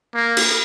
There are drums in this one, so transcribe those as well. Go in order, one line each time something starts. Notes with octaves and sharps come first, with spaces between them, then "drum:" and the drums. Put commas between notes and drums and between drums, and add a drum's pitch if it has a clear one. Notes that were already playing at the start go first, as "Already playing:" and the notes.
A#3
drum: cymbal